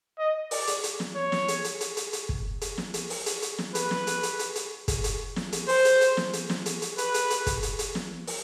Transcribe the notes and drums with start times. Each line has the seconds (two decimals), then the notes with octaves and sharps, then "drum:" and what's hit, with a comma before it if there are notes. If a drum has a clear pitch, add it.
0.19 D#5
0.51 D5, drum: open hi-hat
0.67 drum: hi-hat
0.84 drum: hi-hat
1.00 drum: snare
1.16 C#5
1.32 drum: snare
1.48 drum: hi-hat
1.64 drum: hi-hat
1.81 drum: hi-hat
1.97 drum: hi-hat
2.13 drum: hi-hat
2.29 drum: kick
2.61 drum: hi-hat
2.78 drum: snare
2.94 drum: hi-hat
3.10 drum: open hi-hat
3.26 drum: hi-hat
3.42 drum: hi-hat
3.58 drum: snare
3.75 B4, drum: hi-hat
3.91 drum: snare
4.07 drum: hi-hat
4.23 drum: hi-hat
4.39 drum: hi-hat
4.55 drum: hi-hat
4.88 drum: kick, hi-hat
5.04 drum: hi-hat
5.36 drum: snare
5.52 drum: hi-hat
5.69 C5, drum: open hi-hat
5.85 drum: hi-hat
6.01 drum: hi-hat
6.17 drum: snare
6.33 drum: hi-hat
6.50 drum: snare
6.66 drum: hi-hat
6.82 drum: hi-hat
6.98 B4, drum: hi-hat
7.14 drum: hi-hat
7.30 drum: hi-hat
7.47 drum: kick, hi-hat
7.63 drum: hi-hat
7.79 drum: hi-hat
7.95 drum: snare
8.27 drum: open hi-hat